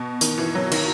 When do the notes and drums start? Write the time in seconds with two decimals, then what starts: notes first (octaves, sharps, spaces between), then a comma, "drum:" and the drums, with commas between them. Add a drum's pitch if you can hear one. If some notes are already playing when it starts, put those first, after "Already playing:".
Already playing: B2
0.21 D#3, drum: hi-hat
0.38 E3
0.55 F#3
0.71 D#3, drum: cymbal